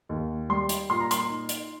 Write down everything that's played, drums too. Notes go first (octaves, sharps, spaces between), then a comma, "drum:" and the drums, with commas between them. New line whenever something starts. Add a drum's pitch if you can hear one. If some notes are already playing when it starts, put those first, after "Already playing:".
D#2
G3 C6
drum: hi-hat
A#2 C6
A#5
C6, drum: hi-hat
D#4
drum: hi-hat